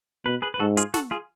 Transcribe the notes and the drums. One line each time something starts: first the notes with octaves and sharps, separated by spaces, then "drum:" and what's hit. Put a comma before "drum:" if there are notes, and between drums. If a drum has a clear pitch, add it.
B2 B4
G#4 B4
B4
G#2 F#4 A4
F4 G#4, drum: hi-hat
F#4 A4, drum: snare
F4 G#4